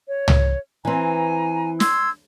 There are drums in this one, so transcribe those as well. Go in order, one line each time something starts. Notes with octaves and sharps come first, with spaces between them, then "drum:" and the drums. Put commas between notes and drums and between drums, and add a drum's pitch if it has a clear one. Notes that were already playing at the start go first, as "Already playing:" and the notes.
C#5
drum: tom
E3 C4 G#5 A#5
C6 E6 G#6, drum: snare